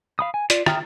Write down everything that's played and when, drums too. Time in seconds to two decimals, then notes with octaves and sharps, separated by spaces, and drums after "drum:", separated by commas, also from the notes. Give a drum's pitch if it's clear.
0.19 F5 B5 D#6
0.34 G#5
0.50 F4 D5, drum: hi-hat
0.66 E5 G5 A#5 D#6 F6, drum: rim click